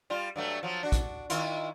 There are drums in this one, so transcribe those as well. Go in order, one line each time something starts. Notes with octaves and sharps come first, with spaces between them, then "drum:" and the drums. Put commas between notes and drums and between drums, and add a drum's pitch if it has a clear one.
G3 F4
G2 F#3 A3
F3 F#3
D4 F#4
drum: kick, hi-hat
D#3 E4 F4, drum: hi-hat